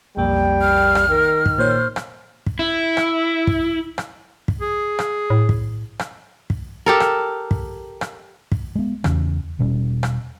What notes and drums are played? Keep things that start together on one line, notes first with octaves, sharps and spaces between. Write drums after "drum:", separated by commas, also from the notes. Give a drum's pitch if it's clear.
B1 F2 G3 A#3 G5
F6
drum: rim click
D#3 A#4
drum: kick
A#2 C5 C#5
drum: rim click
drum: kick
E4
drum: rim click
drum: kick
drum: rim click
drum: kick
G#4
drum: rim click
A2
drum: kick
drum: rim click
drum: kick
G4 A4 A#4
drum: rim click
drum: kick
drum: rim click
drum: kick
G#3 B3
E2 C#3 E3 C#4, drum: rim click
E1 B2 G3 C#4
drum: rim click